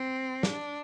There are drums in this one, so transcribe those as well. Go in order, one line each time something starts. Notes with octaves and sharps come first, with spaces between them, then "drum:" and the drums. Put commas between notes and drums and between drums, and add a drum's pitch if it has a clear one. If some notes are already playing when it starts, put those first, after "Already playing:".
Already playing: C4
D4, drum: snare